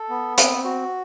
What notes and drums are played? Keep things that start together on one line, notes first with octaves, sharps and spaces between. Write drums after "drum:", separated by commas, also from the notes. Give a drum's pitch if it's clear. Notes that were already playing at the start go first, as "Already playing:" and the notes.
Already playing: A4
B3
C4, drum: hi-hat
F#4